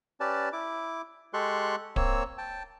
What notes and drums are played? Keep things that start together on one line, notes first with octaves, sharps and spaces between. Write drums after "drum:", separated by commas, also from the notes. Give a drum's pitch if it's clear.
C#4 G4 B4 D5 A5
E4 D6
G#3 G4 A4 C6 C#6 F#6
A#3 C4 C#5 E6, drum: kick D1
G5 A5